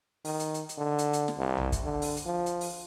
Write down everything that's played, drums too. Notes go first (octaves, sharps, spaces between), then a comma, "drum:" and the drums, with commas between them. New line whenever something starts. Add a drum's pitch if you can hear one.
D#3, drum: open hi-hat
drum: hi-hat
drum: hi-hat
drum: hi-hat
D3
drum: hi-hat
drum: hi-hat
drum: snare
C2
drum: tom B1
drum: kick, hi-hat
D3
drum: open hi-hat
drum: hi-hat
F3
drum: hi-hat
drum: open hi-hat